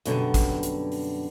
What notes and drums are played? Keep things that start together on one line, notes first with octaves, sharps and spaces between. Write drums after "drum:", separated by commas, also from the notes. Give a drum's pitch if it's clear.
F#2 B2 D3 G3, drum: hi-hat
drum: kick, hi-hat
drum: hi-hat
drum: open hi-hat